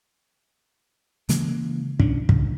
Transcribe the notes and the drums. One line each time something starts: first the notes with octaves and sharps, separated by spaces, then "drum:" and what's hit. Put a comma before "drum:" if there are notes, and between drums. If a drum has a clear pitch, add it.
C#3 E3 G#3 A#3, drum: hi-hat
B2 C#4 D4, drum: kick
C#3, drum: kick